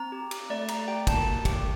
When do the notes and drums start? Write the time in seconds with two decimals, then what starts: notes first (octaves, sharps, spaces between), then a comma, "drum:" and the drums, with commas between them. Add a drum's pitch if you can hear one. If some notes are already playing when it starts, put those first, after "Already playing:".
Already playing: C4 A#5
0.12 G4
0.31 G4, drum: cymbal
0.50 A3 D5
0.68 A3 A#5, drum: cymbal
0.88 G4 G5
1.07 A#3 A5, drum: kick, cymbal
1.27 A#3
1.45 G4 G5, drum: kick, cymbal